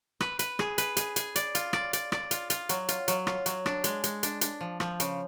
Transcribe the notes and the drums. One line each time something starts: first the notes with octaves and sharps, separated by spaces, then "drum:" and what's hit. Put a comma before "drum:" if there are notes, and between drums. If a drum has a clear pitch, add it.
B4, drum: rim click
B4, drum: hi-hat
G#4, drum: rim click
B4, drum: hi-hat
G#4, drum: hi-hat
G#4, drum: hi-hat
D5, drum: hi-hat
F4, drum: hi-hat
D5, drum: rim click
D5, drum: hi-hat
D5, drum: rim click
F4, drum: hi-hat
F4, drum: hi-hat
F#3, drum: hi-hat
F4, drum: hi-hat
F#3, drum: hi-hat
F4, drum: rim click
F#3, drum: hi-hat
D4, drum: rim click
G#3, drum: hi-hat
G#3, drum: hi-hat
D4, drum: hi-hat
D4, drum: hi-hat
F3
F3, drum: rim click
C#3, drum: hi-hat